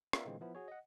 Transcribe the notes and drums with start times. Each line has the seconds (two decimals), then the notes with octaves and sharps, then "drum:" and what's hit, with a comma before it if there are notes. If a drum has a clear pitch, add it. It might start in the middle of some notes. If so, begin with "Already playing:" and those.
0.13 B3 F4 A#4 D5 E5, drum: rim click
0.25 A#2 D3 E3 G#3 A#3 C4
0.41 F3 B3 E4
0.55 F#4 G#4 C#5
0.68 D#5 F#5